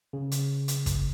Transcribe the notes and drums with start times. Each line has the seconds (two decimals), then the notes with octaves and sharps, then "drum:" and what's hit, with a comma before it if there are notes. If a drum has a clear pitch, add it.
0.13 C#3
0.32 drum: hi-hat
0.68 drum: hi-hat
0.86 drum: kick, hi-hat